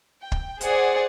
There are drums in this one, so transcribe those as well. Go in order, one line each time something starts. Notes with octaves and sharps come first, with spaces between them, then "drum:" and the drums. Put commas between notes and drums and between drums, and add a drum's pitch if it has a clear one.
G5
drum: kick
G#4 C5 D5 F#5, drum: hi-hat